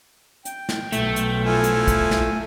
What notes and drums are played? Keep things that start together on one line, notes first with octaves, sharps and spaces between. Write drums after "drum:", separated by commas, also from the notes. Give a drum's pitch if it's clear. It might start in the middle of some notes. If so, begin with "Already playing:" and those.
G5, drum: hi-hat
drum: snare
B1 A3, drum: hi-hat
drum: hi-hat
F3 E4 A4 G#5
drum: hi-hat
drum: kick B1, hi-hat
drum: snare